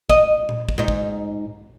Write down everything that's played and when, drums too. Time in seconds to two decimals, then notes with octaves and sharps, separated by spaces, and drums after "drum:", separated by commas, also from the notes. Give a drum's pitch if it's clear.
0.09 D#5, drum: kick
0.49 drum: tom A#2
0.69 drum: kick
0.78 G#2 D#4
0.88 drum: kick